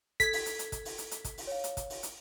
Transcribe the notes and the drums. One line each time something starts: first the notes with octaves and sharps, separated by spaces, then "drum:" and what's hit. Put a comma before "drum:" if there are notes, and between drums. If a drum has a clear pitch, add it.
A4 G#6 B6, drum: kick, hi-hat
drum: open hi-hat
drum: hi-hat
drum: hi-hat
drum: kick, hi-hat
drum: open hi-hat
drum: hi-hat
drum: hi-hat
drum: kick, hi-hat
drum: open hi-hat
C#5 F5
drum: hi-hat
drum: kick, hi-hat
drum: open hi-hat
drum: hi-hat